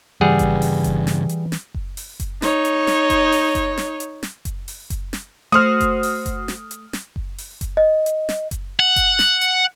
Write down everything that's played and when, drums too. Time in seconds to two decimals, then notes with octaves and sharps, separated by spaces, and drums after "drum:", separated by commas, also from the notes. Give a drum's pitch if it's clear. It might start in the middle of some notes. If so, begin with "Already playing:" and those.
0.21 G2 C#3 E3 G3 G#4 F#5
0.39 drum: kick F#1, hi-hat
0.62 drum: open hi-hat
0.84 drum: kick F#1, hi-hat
1.07 drum: snare
1.29 drum: hi-hat
1.52 drum: snare
1.74 drum: kick F#1
1.97 drum: open hi-hat
2.20 drum: kick F#1, hi-hat
2.42 D#4 C#5, drum: snare
2.65 drum: hi-hat
2.87 drum: snare
3.10 drum: kick F#1, hi-hat
3.32 drum: open hi-hat
3.55 drum: kick F#1, hi-hat
3.77 drum: snare
4.00 drum: hi-hat
4.23 drum: snare
4.45 drum: kick F#1, hi-hat
4.68 drum: open hi-hat
4.90 drum: kick F#1, hi-hat
5.13 drum: snare
5.52 A3 F#4 C5 D#6 F6
5.80 drum: kick F#1, hi-hat
6.03 drum: open hi-hat
6.26 drum: kick F#1, hi-hat
6.48 drum: snare
6.71 drum: hi-hat
6.93 drum: snare
7.16 drum: kick F#1
7.38 drum: open hi-hat
7.61 drum: kick F#1, hi-hat
7.77 D#5
8.06 drum: hi-hat
8.29 drum: snare
8.51 drum: kick F#1, hi-hat
8.80 F#5
8.96 drum: kick F#1, hi-hat
9.19 drum: snare
9.41 drum: hi-hat